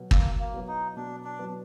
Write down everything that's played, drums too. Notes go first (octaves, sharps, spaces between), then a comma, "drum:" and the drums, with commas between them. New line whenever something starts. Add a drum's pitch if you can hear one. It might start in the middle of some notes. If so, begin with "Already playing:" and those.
Already playing: B2 F#3 B3
B2 A#3, drum: kick
A#3
F#3 B3
D#4
B2 D4
D4
F#3 B3